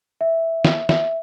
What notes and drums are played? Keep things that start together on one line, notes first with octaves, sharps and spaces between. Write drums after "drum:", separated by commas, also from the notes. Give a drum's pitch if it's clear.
E5
drum: snare
E5, drum: snare